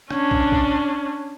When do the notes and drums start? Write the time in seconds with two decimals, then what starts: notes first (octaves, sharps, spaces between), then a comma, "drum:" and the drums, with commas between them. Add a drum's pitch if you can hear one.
0.11 C#4 D4, drum: rim click
0.31 drum: kick
0.52 drum: kick